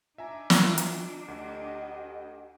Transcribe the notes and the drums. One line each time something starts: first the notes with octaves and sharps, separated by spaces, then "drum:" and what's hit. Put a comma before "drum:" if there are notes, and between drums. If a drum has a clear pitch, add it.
D4 D#4 F4 E5 G#5 A#5
drum: snare
drum: hi-hat
D2 G4 D#5 F#5